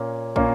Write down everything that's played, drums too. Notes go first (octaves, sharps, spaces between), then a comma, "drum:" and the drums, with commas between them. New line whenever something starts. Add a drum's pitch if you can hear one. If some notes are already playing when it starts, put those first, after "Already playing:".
Already playing: A#2 A#3 C#4
A#2 A#3 C#4, drum: kick